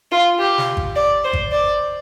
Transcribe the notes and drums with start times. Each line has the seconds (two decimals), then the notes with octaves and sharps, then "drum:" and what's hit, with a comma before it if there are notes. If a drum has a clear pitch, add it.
0.11 F4
0.39 G4
0.58 drum: snare
0.77 drum: kick G#1
0.96 D5
1.24 C5
1.33 drum: kick G#1
1.52 D5